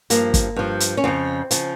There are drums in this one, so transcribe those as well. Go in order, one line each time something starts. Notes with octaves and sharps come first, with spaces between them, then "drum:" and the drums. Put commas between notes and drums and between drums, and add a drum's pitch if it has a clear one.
G2 F3 A#3, drum: hi-hat
drum: kick, hi-hat
G2 F3
drum: hi-hat
C#4
F2 C#3 F3 C4
C#3 F3, drum: hi-hat